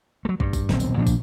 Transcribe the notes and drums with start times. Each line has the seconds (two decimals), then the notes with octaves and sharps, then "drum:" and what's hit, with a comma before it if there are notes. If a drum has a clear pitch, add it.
0.25 F#3 A3
0.40 G2, drum: kick
0.53 drum: kick, tambourine
0.69 D#1 B1 C4, drum: snare
0.80 drum: tambourine
0.97 A#2 F3 C#4 D4
1.07 drum: kick, tambourine